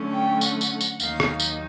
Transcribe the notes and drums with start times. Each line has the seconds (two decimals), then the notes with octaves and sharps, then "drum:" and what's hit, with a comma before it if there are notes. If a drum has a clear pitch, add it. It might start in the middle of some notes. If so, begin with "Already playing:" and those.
Already playing: D3 F#3 A3 C#4
0.12 G5
0.41 F#5, drum: tambourine
0.61 drum: tambourine
0.81 drum: tambourine
1.00 D#2 D#3 F#3 A#3 D#4 F5, drum: tambourine
1.20 drum: rim click
1.40 drum: tambourine